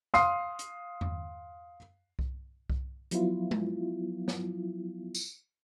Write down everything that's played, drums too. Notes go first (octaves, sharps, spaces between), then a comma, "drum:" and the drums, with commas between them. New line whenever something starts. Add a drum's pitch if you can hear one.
F5 C6 D#6 C7, drum: snare
drum: hi-hat
drum: tom E2
drum: kick C2
drum: kick C2
F3 F#3 B3 E4 F4, drum: hi-hat
drum: tom G#3
drum: snare
drum: tambourine